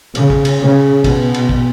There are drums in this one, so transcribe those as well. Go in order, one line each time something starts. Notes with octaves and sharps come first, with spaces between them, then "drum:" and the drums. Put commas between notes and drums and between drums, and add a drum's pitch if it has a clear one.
C#3, drum: cymbal
drum: kick
drum: cymbal
C#3
B2, drum: kick, cymbal
drum: cymbal
drum: kick